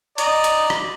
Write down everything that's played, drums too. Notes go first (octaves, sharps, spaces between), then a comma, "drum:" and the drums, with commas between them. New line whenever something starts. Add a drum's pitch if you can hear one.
D5 D#5 A#5, drum: hi-hat
drum: hi-hat
drum: rim click